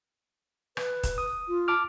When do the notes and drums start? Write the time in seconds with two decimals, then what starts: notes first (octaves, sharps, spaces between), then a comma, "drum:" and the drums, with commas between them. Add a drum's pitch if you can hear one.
0.77 B4, drum: rim click
1.03 drum: kick D#1, hi-hat
1.18 D#6
1.48 F4
1.68 A5 D6 F6